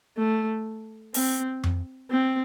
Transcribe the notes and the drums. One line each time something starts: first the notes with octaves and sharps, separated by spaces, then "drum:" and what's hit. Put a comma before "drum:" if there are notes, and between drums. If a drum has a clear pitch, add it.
A3
C4, drum: open hi-hat
drum: tom F2
C4